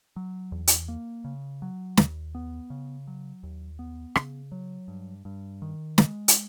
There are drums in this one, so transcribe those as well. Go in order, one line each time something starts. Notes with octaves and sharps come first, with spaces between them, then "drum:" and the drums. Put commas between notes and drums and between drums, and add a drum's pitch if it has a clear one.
F#3
E2
drum: hi-hat
A#3
C#3
F#3
D#2, drum: snare
B3
C#3
F#3
D#2
B3
C#3, drum: rim click
F#3
G2
G2
D#3
G#3, drum: snare
drum: hi-hat